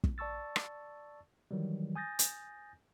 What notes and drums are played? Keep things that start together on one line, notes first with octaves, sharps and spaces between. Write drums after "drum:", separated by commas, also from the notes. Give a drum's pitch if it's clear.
drum: kick
D5 A5 C#6 E6 A6
drum: rim click
D#3 E3 F#3 G3
G#5 D#6 G6 A6 A#6
drum: hi-hat